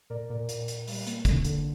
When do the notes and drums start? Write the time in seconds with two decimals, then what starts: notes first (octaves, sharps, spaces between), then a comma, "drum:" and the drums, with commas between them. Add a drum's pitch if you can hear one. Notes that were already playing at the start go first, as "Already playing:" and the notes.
0.10 A#2 A#4 D5
0.30 A#2 A#4 D5
0.49 A#2, drum: hi-hat
0.68 A#2, drum: hi-hat
0.87 G3, drum: open hi-hat
1.07 A#3, drum: hi-hat
1.25 D3, drum: kick, hi-hat
1.45 D3, drum: hi-hat